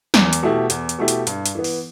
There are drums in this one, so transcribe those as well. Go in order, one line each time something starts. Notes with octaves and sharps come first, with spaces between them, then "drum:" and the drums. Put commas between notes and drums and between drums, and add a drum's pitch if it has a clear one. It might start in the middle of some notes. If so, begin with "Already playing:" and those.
E2, drum: snare
drum: hi-hat
B2 A3 E4 G4
E2, drum: hi-hat
drum: hi-hat
B2 A3 E4 G4
drum: hi-hat
G2, drum: hi-hat
drum: hi-hat
E3 B3
drum: open hi-hat